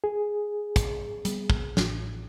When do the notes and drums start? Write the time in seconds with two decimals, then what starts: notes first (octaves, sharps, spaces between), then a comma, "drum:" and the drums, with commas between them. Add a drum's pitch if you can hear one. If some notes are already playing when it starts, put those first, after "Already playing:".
0.04 G#4
0.76 drum: kick, hi-hat
1.25 G3 B3, drum: hi-hat
1.50 drum: kick
1.77 A1, drum: snare